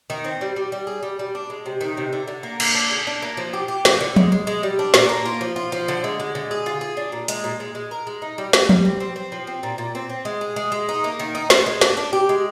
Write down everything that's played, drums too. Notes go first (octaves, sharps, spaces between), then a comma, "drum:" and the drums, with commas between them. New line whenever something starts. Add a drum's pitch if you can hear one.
D#3
C4
G3
G3
G3
G#4
G3
G3
D4
G#3
C3
D#3
C3
D3
D3
A#3
D3, drum: cymbal
D4
G#4
D4
A#3
F3
G4
G4
F3, drum: snare
D3
G#3, drum: tom F3
G#3
G#3
G3
D4
A#2, drum: snare
A#3
F4
F3
F4
F3
D3
G#3
G#3
D3
G#4
F4
G#4
D4
A#2
G#3, drum: hi-hat
A#2
G#3
G#3
A#4
G#3
D#4
G3
G3, drum: snare
G3, drum: tom F3
C4
C4
C4
F3
C4
A#2
A#2
C4
C4
G#3
G#4
G#3
G#3
D#4
A#3
D#3
D#4
C5, drum: snare
G#3
D4, drum: snare
D4
G4
G#3